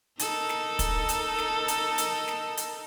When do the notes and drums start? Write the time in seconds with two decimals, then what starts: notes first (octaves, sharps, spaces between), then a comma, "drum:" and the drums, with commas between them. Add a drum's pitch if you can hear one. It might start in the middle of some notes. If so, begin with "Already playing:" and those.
0.19 D#4 A4 A#4, drum: hi-hat
0.49 drum: snare
0.79 drum: kick, hi-hat
1.09 drum: hi-hat
1.38 drum: snare
1.68 drum: hi-hat
1.98 drum: hi-hat
2.28 drum: snare
2.57 drum: hi-hat